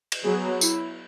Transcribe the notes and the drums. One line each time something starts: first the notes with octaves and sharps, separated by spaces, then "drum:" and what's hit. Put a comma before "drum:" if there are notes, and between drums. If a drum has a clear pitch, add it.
drum: cymbal
F#3 B3 G#4
E4, drum: tambourine